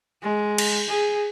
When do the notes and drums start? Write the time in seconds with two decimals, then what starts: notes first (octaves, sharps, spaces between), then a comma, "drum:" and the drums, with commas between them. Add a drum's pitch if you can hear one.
0.23 G#3
0.58 drum: cymbal
0.89 G#4